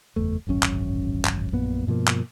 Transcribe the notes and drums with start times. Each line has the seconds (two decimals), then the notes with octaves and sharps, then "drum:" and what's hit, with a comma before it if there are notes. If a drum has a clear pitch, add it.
0.16 F#1 E2 A3
0.47 D1 G#1 F#2 C#4
0.63 drum: clap
1.25 drum: clap
1.52 A#1 F#2 A#2 B3
1.87 G2 B2 F3 A#3
2.08 drum: clap